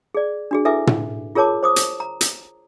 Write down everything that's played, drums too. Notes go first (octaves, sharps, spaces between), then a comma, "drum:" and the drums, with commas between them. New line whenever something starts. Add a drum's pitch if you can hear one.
G#4 D5
D4 F#4 G#4
E4 A4 B4 E5 G#5 D6
drum: tom
F4 G#4 A#4 C#5 A5 D6
C5 D6 D#6
drum: hi-hat
A#5
drum: hi-hat